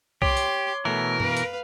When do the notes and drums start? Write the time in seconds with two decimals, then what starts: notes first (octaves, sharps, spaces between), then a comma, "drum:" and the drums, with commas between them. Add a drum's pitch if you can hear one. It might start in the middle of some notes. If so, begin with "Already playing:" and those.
0.22 G4 C#5 C6 D6, drum: kick B1
0.37 drum: hi-hat
0.85 B2 E3 A3 A#4
1.20 B4 F5, drum: tom F#2
1.37 drum: hi-hat